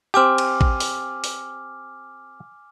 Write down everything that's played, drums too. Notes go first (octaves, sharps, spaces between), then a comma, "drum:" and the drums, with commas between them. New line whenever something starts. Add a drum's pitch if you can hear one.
C4 G4 G#5 D6 F6
drum: cymbal
drum: kick A1
drum: open hi-hat
drum: open hi-hat